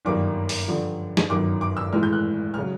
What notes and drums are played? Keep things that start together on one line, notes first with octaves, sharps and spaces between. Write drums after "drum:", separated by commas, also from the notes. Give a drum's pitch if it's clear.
G1 F#2 D#3 G3 A#3 D6
drum: open hi-hat
G2 D3 F3
drum: snare
G1 F#2 D#3 F#3 D6
D6
E6
A2 E3 G#3 F6
G6
F#6
F6
C#3 F#3